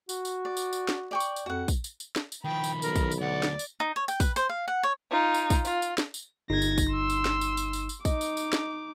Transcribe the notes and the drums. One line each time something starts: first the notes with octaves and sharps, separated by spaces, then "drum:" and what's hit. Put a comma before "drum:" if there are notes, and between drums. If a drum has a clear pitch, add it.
F#4, drum: tambourine
drum: tambourine
D5
drum: tambourine
drum: tambourine
drum: snare
D5 G5 C#6
drum: tambourine
drum: tambourine
F2 F#4 F#5
drum: kick, tambourine
drum: tambourine
drum: tambourine
drum: snare
drum: tambourine
D#3 F3 G5 B5
drum: tambourine
B1 A#4, drum: tambourine
drum: kick, tambourine
drum: tambourine
D2 D5 F#5
drum: snare
drum: tambourine
D#4
C#5
G5, drum: tambourine
B4, drum: kick, tambourine
C5, drum: tambourine
F5
F#5
C#5
D#4 F4
drum: tambourine
drum: kick, tambourine
F4, drum: tambourine
drum: tambourine
drum: snare
drum: tambourine
G1 D#4 G#6 A#6
drum: tambourine
drum: kick, tambourine
C6 E6
drum: tambourine
drum: snare
drum: tambourine
drum: tambourine
drum: tambourine
drum: tambourine
D#4 D#5 D6, drum: kick, tambourine
drum: tambourine
drum: tambourine
drum: snare